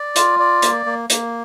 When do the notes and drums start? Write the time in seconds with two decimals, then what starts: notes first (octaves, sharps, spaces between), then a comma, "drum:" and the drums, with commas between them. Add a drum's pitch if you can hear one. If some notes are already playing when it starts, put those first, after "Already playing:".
Already playing: D5
0.16 F4, drum: hi-hat
0.39 D5
0.62 A#3, drum: hi-hat
0.86 A#3
1.10 A#3, drum: hi-hat